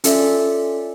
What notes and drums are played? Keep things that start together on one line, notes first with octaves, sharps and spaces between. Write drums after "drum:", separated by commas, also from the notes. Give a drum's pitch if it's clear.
C#4 F4 A4 D5 E5, drum: hi-hat